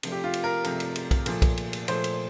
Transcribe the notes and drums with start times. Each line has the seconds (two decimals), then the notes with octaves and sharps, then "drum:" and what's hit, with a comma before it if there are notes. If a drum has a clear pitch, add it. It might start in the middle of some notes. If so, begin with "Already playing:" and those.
0.03 C3 F3 A3, drum: cymbal
0.12 G4
0.24 F4
0.34 drum: cymbal
0.44 A#4
0.64 C3 F3 A3 A#4, drum: cymbal
0.80 drum: cymbal
0.96 drum: cymbal
1.11 drum: kick B1, cymbal
1.26 A#2 F3 A3, drum: cymbal
1.42 drum: kick B1, cymbal
1.57 drum: cymbal
1.73 drum: cymbal
1.88 A#2 F3 A3 C5, drum: cymbal
2.04 drum: cymbal